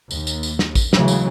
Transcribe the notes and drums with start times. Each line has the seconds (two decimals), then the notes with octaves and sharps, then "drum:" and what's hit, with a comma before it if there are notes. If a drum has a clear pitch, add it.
0.11 D#2, drum: tambourine
0.27 drum: tambourine
0.43 drum: tambourine
0.59 drum: snare
0.75 drum: kick, tambourine
0.93 C#3 E3 F#3 G#3 A3, drum: snare
1.08 drum: tambourine